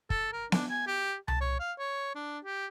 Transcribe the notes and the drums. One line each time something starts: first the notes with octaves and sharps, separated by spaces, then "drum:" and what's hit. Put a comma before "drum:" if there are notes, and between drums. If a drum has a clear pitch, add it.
A4, drum: kick
A#4
D4, drum: snare B3
G#5
G4
A5, drum: tom C2
C#5
F5
C#5
D4
G4